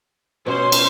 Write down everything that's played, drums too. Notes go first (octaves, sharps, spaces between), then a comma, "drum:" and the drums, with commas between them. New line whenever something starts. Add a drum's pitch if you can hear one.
B2 C#4 C5 C6
drum: cymbal